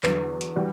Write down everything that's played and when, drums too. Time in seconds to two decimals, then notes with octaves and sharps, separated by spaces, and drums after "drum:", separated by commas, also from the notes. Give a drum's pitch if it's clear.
0.03 E2 D3 F#3 B4, drum: clap
0.41 drum: hi-hat
0.56 E3 G3 D4 F#4